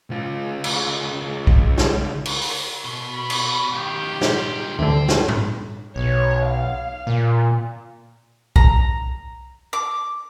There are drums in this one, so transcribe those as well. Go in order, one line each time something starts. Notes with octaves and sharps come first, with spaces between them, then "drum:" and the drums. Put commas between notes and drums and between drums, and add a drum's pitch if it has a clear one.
C#2 F4
drum: cymbal
drum: kick B1
drum: snare
drum: cymbal
drum: open hi-hat
B2
B5
drum: cymbal
C#2 D#3 G4
A#2 G#3, drum: snare
D2 D3 C4
drum: snare
drum: tom G#2
B1 C#5
F5
A#2
A#5, drum: kick B1
D6